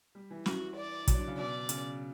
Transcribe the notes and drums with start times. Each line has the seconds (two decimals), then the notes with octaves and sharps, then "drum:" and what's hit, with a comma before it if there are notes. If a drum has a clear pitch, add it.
0.15 G3
0.31 E3
0.46 E3 F#4, drum: snare
0.77 D5
1.08 F#3, drum: kick, hi-hat
1.17 D3
1.28 C#3
1.38 B2 D5
1.69 C#3, drum: hi-hat